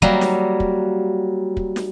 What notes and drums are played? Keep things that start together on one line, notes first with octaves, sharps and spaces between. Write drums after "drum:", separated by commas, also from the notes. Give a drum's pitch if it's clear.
F#3 G3 A#3, drum: kick
drum: snare
drum: kick
drum: kick
drum: snare